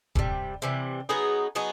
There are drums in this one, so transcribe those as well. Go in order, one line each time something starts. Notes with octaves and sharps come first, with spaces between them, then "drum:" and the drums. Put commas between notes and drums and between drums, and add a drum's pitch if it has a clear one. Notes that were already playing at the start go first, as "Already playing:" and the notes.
C3 E3 G3, drum: kick
C3 E3 G3
F#3 B3 D#4 G#4
F#3 B3 D#4 G#4